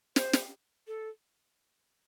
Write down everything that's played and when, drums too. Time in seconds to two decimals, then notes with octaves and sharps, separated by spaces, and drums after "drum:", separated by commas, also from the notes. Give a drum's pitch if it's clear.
0.16 C5, drum: snare
0.33 drum: snare
0.87 A4